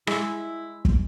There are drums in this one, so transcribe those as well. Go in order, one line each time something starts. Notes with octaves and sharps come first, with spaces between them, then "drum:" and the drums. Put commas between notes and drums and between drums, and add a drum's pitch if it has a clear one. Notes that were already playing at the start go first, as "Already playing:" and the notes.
G#3 E4, drum: rim click
drum: kick